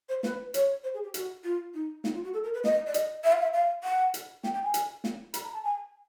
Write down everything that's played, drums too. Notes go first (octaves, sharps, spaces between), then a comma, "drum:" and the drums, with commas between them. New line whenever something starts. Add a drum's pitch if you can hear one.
C5
B4, drum: snare
C#5, drum: hi-hat
C5
G#4
G4
F#4, drum: hi-hat
F4
D#4
D#4, drum: snare
F4
F#4
A4
A#4
B4
D#5, drum: snare
D5
D#5, drum: hi-hat
E5
F5
E5
F5
F#5
drum: hi-hat
G5, drum: snare
G5
G#5
drum: hi-hat
drum: snare
B5, drum: hi-hat
A#5
A5
G#5